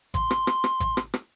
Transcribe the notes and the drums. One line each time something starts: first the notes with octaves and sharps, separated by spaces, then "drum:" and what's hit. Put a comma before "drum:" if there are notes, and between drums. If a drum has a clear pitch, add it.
C6, drum: kick G#1, hi-hat
drum: rim click
drum: rim click
drum: rim click
drum: kick G#1, hi-hat
drum: rim click
drum: rim click